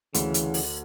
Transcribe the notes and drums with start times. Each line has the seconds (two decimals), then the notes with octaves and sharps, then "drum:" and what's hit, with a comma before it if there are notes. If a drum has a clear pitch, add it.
0.14 D2 C#3 E3, drum: hi-hat
0.34 drum: hi-hat
0.54 drum: open hi-hat